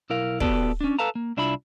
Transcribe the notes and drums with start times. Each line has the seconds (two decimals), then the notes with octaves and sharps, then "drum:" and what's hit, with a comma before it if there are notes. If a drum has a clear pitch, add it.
0.10 B1 E4 A#4 F5
0.40 B3 F#4 G4 A4 B4 D5, drum: kick
0.81 C#4 D4
0.99 A4 B4 F5 A5 A#5
1.15 A#3
1.37 C2 D4 E4 F4 B5